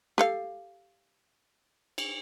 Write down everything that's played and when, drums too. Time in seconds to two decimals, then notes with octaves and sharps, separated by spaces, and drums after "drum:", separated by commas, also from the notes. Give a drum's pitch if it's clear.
0.18 G4 A4 F5, drum: snare
1.98 drum: cymbal